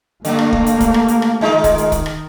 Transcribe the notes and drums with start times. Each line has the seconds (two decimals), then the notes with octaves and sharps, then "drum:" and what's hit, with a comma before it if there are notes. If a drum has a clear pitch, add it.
0.25 G2 D3 A3 A#3, drum: hi-hat
0.39 drum: rim click
0.52 drum: kick
0.66 drum: hi-hat
0.80 drum: kick, hi-hat
0.94 drum: rim click
1.08 drum: hi-hat
1.22 drum: rim click
1.41 D#3 G#3 D#4 F4
1.64 drum: kick, hi-hat
1.78 drum: hi-hat
1.92 drum: kick, hi-hat
2.06 drum: rim click